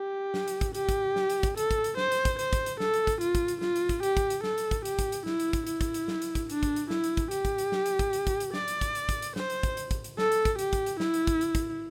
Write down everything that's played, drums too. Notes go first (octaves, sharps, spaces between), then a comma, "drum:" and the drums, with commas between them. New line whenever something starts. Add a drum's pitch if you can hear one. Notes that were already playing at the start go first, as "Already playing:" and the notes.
Already playing: G4
drum: snare
drum: hi-hat
drum: kick, hi-hat
G4, drum: hi-hat
drum: kick, hi-hat
drum: snare
drum: hi-hat
drum: kick, hi-hat
A4, drum: hi-hat
drum: kick, hi-hat
drum: hi-hat
C5, drum: snare
drum: hi-hat
drum: kick, hi-hat
C5, drum: hi-hat
drum: kick, hi-hat
drum: hi-hat
A4, drum: snare
drum: hi-hat
drum: kick, hi-hat
F4, drum: hi-hat
drum: kick, hi-hat
drum: hi-hat
F4, drum: snare
drum: hi-hat
drum: kick, hi-hat
G4, drum: hi-hat
drum: kick, hi-hat
drum: hi-hat
A4, drum: snare
drum: hi-hat
drum: kick, hi-hat
G4, drum: hi-hat
drum: kick, hi-hat
drum: hi-hat
E4, drum: snare
drum: hi-hat
drum: kick, hi-hat
E4, drum: hi-hat
drum: kick, hi-hat
drum: hi-hat
drum: snare
drum: hi-hat
drum: kick, hi-hat
D4, drum: hi-hat
drum: kick, hi-hat
drum: hi-hat
E4, drum: snare
drum: hi-hat
drum: kick, hi-hat
G4, drum: hi-hat
drum: kick, hi-hat
drum: hi-hat
drum: snare
drum: hi-hat
drum: kick, hi-hat
drum: hi-hat
drum: kick, hi-hat
drum: hi-hat
D5, drum: snare
drum: hi-hat
drum: kick, hi-hat
drum: hi-hat
drum: kick, hi-hat
drum: hi-hat
C5, drum: snare
drum: hi-hat
drum: kick, hi-hat
drum: hi-hat
drum: kick, hi-hat
drum: hi-hat
A4, drum: snare
drum: hi-hat
drum: kick, hi-hat
G4, drum: hi-hat
drum: kick, hi-hat
drum: hi-hat
E4, drum: snare
drum: hi-hat
drum: kick, hi-hat
drum: hi-hat
drum: kick, hi-hat